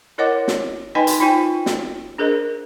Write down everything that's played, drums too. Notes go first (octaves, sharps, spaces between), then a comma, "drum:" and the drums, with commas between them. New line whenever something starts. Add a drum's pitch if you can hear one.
E4 A#4 C#5 D#5 F#5 D6
drum: snare
D#4 B4 D#5 G5 G#5 C6
drum: hi-hat
D#4 F4 C5 G5 G#5
drum: snare
D4 G#4 A#4 C5 D#5